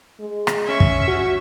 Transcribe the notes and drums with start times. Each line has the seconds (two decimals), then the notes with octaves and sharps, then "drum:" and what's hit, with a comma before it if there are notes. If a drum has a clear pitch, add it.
0.20 G#3
0.47 drum: rim click
0.64 C#4 E5 C#6
0.80 drum: kick
1.08 F#4